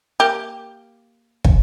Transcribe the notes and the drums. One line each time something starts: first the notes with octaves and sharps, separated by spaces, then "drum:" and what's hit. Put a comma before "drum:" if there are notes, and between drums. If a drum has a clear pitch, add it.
A#3 G4
drum: kick